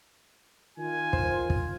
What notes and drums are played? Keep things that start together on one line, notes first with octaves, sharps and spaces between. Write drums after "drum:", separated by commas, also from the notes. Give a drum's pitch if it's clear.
D#3 F4 G#5
C5, drum: kick
drum: kick